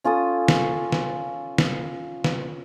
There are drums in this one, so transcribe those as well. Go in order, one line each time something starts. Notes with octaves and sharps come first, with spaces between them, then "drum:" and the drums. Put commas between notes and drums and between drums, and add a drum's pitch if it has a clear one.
C#4 F4 A4 D#6
drum: snare
drum: snare
drum: snare
drum: snare